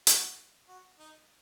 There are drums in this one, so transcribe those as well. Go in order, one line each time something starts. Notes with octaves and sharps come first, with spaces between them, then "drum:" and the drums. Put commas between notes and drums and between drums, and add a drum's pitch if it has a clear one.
F#4, drum: hi-hat
F#4
D#4